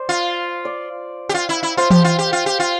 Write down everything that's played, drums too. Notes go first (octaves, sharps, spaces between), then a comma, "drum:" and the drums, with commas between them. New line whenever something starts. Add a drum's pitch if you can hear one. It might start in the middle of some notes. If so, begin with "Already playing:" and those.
Already playing: C5 D5
F4
D5
G4
F4
E4
E4
F4 C5
G4, drum: tom E3
F4
G4
F4
G4
F4